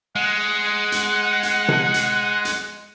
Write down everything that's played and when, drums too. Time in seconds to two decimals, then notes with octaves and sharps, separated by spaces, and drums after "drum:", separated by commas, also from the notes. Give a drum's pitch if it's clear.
0.16 G#3 F#5
0.92 drum: hi-hat
1.43 drum: hi-hat
1.69 drum: tom C3
1.94 drum: hi-hat
2.45 drum: hi-hat